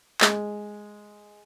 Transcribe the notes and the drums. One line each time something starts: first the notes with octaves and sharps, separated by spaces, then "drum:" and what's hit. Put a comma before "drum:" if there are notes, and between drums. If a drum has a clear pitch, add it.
G#3, drum: clap